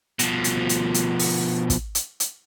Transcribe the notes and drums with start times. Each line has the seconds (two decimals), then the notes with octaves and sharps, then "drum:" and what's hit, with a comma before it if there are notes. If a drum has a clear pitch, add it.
0.19 B2 F3, drum: hi-hat
0.44 drum: hi-hat
0.69 drum: hi-hat
0.94 drum: hi-hat
1.19 drum: open hi-hat
1.70 drum: kick, hi-hat
1.95 drum: hi-hat
2.20 drum: hi-hat